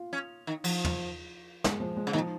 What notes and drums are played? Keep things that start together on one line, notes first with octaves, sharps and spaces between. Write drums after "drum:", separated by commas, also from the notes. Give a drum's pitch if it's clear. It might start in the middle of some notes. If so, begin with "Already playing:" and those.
Already playing: F4
C#4
D#3
F3, drum: cymbal
drum: tom
G#3, drum: snare
F3
G#3
C#3
D#3 F3